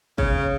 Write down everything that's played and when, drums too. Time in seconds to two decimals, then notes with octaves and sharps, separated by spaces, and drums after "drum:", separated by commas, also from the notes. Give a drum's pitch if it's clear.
0.18 C#3, drum: kick